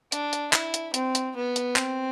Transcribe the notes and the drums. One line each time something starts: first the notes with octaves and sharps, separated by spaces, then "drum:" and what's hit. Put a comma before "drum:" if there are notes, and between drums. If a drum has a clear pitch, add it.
D4, drum: hi-hat
drum: hi-hat
E4, drum: clap
drum: hi-hat
C4, drum: hi-hat
drum: hi-hat
B3
drum: hi-hat
C4, drum: clap